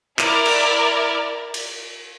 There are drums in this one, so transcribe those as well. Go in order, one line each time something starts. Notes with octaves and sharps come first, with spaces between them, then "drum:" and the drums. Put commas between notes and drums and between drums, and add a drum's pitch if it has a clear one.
E4 A#4 D5, drum: clap
drum: cymbal
drum: cymbal